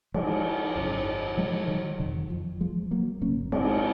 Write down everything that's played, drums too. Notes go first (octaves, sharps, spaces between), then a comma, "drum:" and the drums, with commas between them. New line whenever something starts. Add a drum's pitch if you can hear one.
F3 G#3, drum: cymbal
G#1 F#2 C#3
F3 G#3
D#3 F#3
F#1 F2 C3 D#3
F3
F3 G#3
F#3 A#3
G#1 F#2 C#3 A#3 C#4
G#3 C4, drum: cymbal